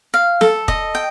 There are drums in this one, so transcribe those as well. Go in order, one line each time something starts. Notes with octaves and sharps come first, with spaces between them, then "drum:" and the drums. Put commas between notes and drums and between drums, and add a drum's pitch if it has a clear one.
F5
A4, drum: snare
D#5, drum: kick
G5